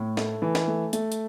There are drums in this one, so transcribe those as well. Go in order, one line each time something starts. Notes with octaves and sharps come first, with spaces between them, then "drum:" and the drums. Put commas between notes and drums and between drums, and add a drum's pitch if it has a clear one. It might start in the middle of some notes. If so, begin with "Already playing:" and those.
Already playing: A2
A3, drum: snare
E3
drum: snare
A3
A3, drum: hi-hat
drum: hi-hat